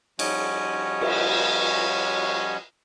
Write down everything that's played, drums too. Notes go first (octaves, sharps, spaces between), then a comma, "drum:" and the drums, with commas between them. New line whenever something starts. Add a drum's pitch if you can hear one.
F3 G3 C#4 F#4 C#5 D#5, drum: cymbal
drum: cymbal